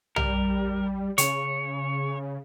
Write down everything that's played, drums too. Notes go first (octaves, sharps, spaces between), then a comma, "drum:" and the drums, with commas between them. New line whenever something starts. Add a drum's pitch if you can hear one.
G3 A#4, drum: tom
C#3 C#5, drum: hi-hat